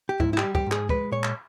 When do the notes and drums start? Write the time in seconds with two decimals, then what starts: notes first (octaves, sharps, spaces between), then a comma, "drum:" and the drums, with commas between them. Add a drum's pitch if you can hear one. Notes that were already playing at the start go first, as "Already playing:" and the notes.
0.09 G4
0.20 G#2 E4, drum: kick
0.33 E4
0.38 G4, drum: clap
0.43 G3
0.55 G4, drum: kick
0.66 G#2
0.71 G#4, drum: clap
0.89 G#3 B4, drum: kick
1.11 A#2 C#5
1.23 drum: clap